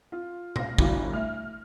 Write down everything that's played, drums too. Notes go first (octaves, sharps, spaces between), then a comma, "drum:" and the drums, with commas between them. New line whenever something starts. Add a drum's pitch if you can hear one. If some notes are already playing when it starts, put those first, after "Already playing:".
F4
F5 A#6, drum: tom B2
G1 D2 E4 F#4 F5, drum: kick
A3 E5 F6